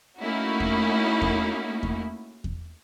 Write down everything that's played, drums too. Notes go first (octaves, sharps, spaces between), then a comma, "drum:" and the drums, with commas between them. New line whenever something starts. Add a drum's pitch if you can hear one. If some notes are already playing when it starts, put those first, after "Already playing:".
A3 A#3 C#4 D#4 E4 F#4
drum: kick E2
drum: kick E2
drum: kick E2
drum: kick E2